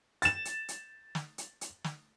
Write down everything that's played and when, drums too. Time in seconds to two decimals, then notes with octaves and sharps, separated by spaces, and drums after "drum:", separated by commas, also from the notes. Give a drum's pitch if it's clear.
0.22 A6 E7, drum: hi-hat
0.45 drum: hi-hat
0.68 drum: hi-hat
1.15 drum: snare
1.38 drum: hi-hat
1.61 drum: hi-hat
1.84 drum: snare